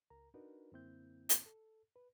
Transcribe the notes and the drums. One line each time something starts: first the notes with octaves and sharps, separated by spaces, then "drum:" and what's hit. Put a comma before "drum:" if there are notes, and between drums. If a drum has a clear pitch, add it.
C#2 A#4 A#5
D4 D#4 F#4 A#4 B4
F#2 D3 A#3 C4 E4 G6
drum: hi-hat
A4
B4